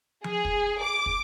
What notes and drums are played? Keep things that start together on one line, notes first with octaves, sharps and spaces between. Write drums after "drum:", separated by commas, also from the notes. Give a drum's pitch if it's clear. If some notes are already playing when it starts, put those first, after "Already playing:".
G#4, drum: tom F3
drum: kick
D6
drum: kick